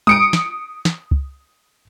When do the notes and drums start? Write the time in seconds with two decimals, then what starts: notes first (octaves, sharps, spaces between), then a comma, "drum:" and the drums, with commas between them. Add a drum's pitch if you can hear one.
0.07 D#6 C#7 D7, drum: tom G3
0.33 drum: snare
0.85 drum: snare
1.11 drum: kick